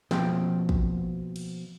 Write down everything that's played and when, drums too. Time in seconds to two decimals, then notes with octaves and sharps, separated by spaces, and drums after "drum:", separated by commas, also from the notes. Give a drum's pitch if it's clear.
0.11 B2 F3 A#3 C4 G5, drum: snare
0.69 drum: kick
1.36 drum: cymbal